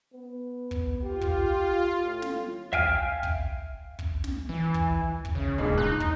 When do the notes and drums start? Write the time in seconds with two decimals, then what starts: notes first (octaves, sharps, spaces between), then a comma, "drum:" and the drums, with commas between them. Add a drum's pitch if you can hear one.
0.13 B3
0.71 drum: kick
1.02 F4 G4
1.21 drum: kick
2.04 A2
2.22 drum: snare
2.73 E5 F5 G5 G#5 F6, drum: kick
3.23 drum: kick
3.99 drum: kick
4.24 drum: snare
4.49 E3
4.74 drum: kick
5.25 drum: kick
5.35 C#3
5.58 D#1 G2 A#2 G#3
5.78 D#4 F#6
6.00 drum: kick